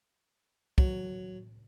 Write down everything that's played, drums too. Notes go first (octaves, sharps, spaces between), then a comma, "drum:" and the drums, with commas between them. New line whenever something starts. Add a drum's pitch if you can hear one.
F#3, drum: kick